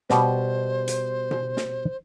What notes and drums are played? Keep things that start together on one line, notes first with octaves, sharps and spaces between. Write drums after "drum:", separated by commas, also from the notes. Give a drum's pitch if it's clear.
B2 G3 B4 C5, drum: snare
drum: hi-hat
drum: tom B2
drum: snare